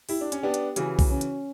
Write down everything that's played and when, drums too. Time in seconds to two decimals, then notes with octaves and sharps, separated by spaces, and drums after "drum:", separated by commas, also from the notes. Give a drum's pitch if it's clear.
0.09 E4 G4, drum: open hi-hat
0.21 D4
0.32 C#4, drum: hi-hat
0.43 B3 D4 G4
0.54 drum: hi-hat
0.76 C#3 E3 F#4, drum: hi-hat
0.99 drum: kick B1, open hi-hat
1.09 C#4
1.21 drum: hi-hat